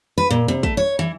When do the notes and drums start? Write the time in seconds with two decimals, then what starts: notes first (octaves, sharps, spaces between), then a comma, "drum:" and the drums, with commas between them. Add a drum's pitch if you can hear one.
0.18 B4
0.30 A#2
0.48 C3
0.63 A3, drum: kick
0.77 C#5
0.99 E3